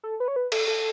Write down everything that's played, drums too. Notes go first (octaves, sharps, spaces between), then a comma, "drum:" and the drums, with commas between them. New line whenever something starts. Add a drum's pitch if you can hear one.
A4
B4
C#5
B4
A4, drum: cymbal
A4